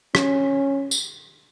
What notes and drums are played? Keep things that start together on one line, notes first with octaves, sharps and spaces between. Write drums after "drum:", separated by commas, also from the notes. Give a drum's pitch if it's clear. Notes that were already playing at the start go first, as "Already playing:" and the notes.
C#4, drum: rim click
drum: tambourine